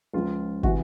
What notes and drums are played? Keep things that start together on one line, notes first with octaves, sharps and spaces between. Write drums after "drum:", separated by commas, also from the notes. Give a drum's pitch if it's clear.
C#2 C#3 F3 F4
C3 E3 F#4, drum: kick